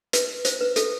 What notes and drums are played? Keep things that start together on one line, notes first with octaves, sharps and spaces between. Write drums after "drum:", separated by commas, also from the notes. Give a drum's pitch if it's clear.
B4, drum: hi-hat
C5, drum: hi-hat
B4
A4, drum: hi-hat